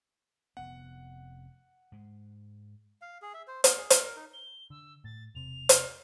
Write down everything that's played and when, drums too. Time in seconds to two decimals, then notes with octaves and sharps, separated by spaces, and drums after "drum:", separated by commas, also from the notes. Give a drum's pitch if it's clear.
0.57 F1 B3 F#5
1.92 G#2 G#3
3.02 F5
3.22 G#4
3.34 E5
3.47 C5
3.64 B3, drum: hi-hat
3.77 G#4
3.90 E5, drum: hi-hat
4.03 A#4
4.16 D#4
4.33 G7
4.70 D3 E6
5.04 A2 A6
5.35 E1 C3 F7
5.69 drum: hi-hat